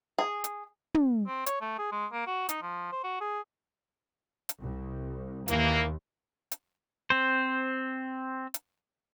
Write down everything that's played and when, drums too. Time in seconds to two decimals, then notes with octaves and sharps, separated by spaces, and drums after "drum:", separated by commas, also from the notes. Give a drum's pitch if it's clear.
0.19 G#4
0.44 drum: hi-hat
0.94 drum: tom
1.27 C4
1.46 C#5, drum: hi-hat
1.61 A3
1.78 G#4
1.92 G#3
2.12 A#3
2.27 F#4
2.49 D#4, drum: hi-hat
2.62 F3
2.92 C5
3.04 F#4
3.21 G#4
4.49 drum: hi-hat
4.60 C2
5.48 D#2 E3 A#3, drum: hi-hat
6.51 drum: hi-hat
7.10 C4 C5
8.54 drum: hi-hat